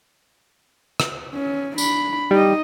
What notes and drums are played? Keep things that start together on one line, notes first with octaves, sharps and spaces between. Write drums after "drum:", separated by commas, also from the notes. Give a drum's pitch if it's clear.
drum: rim click
C#4
D4 B5, drum: tambourine
G3 D#4 D#5